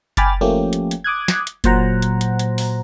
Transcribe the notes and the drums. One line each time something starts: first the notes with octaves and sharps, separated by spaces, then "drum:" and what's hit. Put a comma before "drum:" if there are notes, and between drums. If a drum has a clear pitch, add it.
G5 G#5 B5 D6 F6 A6, drum: kick F#1, hi-hat
F3 A3 A#3 C#4 G4
drum: hi-hat
drum: hi-hat
D6 D#6 F#6 G#6
drum: snare
drum: hi-hat
A#2 F#3 C5 F#5 A#5, drum: kick F#1, hi-hat
drum: hi-hat
drum: hi-hat
drum: hi-hat
drum: open hi-hat